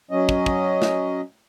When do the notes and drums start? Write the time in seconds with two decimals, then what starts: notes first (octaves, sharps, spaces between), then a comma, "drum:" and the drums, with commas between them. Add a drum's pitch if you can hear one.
0.11 F#3 C#4 D#5
0.29 drum: kick
0.46 drum: kick
0.82 drum: snare